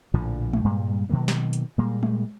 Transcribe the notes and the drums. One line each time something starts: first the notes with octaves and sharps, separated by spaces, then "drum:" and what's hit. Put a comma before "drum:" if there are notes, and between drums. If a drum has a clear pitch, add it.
A#1 A2 D3 F3
drum: tom G#3
G2 A#2 G3 G#3
B2 D#3 F#3 A#3
drum: snare
drum: hi-hat
A#2 G3 G#3 A#3
drum: tom G#3